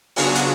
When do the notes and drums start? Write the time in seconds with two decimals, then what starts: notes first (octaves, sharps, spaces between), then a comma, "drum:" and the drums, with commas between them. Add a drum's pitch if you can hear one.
0.16 C#3 F#3 B3 D4 F4 F#4 G#4, drum: open hi-hat
0.35 drum: hi-hat